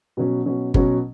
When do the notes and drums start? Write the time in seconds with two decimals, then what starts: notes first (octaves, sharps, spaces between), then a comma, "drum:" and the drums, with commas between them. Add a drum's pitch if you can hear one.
0.17 B2 F#3 C#4
0.46 B2 F#3 C#4
0.74 B2 F#3 C#4, drum: kick G1